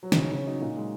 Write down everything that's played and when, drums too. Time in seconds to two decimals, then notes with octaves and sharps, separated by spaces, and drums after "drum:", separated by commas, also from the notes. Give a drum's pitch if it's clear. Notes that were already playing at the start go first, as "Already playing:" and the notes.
0.03 F#3
0.12 D#4, drum: snare
0.16 C#3
0.22 C#4
0.32 C#3 C#4
0.47 F#3 D#4
0.61 A#2 D#4
0.76 G#3